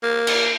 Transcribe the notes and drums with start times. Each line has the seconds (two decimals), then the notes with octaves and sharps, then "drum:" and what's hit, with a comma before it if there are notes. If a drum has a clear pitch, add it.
0.03 A#3
0.27 drum: cymbal